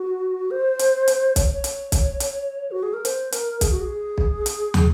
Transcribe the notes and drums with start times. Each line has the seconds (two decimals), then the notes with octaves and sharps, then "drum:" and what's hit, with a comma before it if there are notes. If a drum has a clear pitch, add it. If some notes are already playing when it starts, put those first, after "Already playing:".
Already playing: F#4
0.51 C5
0.79 drum: hi-hat
1.08 drum: hi-hat
1.36 C#5, drum: kick B1, hi-hat
1.52 C#5
1.64 drum: hi-hat
1.92 drum: kick B1, hi-hat
2.20 drum: hi-hat
2.71 F#4
2.83 G#4
2.94 A#4
3.05 C5, drum: hi-hat
3.32 A#4, drum: hi-hat
3.61 G#4, drum: kick B1, hi-hat
3.72 F#4
3.81 G#4
4.18 drum: kick B1
4.46 drum: hi-hat
4.74 drum: tom